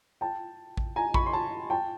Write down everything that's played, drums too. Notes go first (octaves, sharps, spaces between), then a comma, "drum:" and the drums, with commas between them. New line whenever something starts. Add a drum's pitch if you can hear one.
G5 A5
drum: kick A1
G#5 A#5
B5 C#6, drum: kick A1
C6
A5 B5
G5 A5